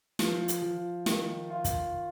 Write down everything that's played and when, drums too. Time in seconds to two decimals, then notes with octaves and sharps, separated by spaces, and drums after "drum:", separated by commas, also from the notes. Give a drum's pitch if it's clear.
0.19 F3, drum: snare
0.48 drum: hi-hat
0.62 F3
1.06 D#3, drum: snare
1.50 F4
1.64 drum: kick, hi-hat